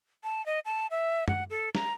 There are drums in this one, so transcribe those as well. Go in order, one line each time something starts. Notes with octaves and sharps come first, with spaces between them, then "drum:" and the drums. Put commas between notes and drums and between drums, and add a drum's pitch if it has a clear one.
A5
D#5
A5
E5
F#5, drum: tom
A4
A#5, drum: snare